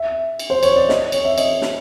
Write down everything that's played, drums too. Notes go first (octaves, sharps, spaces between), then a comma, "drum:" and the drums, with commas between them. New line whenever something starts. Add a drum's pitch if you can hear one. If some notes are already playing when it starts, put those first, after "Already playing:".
Already playing: E5
drum: cymbal
C5
C#5, drum: cymbal
D5
D#5, drum: snare
C#5, drum: cymbal
E5
D#5, drum: cymbal
drum: snare